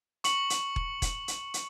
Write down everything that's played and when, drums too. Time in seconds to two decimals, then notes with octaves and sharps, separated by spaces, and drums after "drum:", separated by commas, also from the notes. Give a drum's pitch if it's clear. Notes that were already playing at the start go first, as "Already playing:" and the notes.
0.24 C#6 C#7 F#7, drum: hi-hat
0.50 drum: hi-hat
0.76 drum: kick E1
1.02 drum: kick E1, hi-hat
1.28 drum: hi-hat
1.54 drum: hi-hat